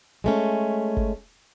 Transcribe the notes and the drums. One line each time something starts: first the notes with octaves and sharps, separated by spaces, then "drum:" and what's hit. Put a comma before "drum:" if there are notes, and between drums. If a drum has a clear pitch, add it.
G#3 A3 C#4
drum: kick G1